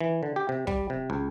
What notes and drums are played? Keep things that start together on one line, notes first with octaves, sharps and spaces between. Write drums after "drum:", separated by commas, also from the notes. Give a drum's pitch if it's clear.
E3
D3
G4
C3
G3, drum: kick
C3
C#2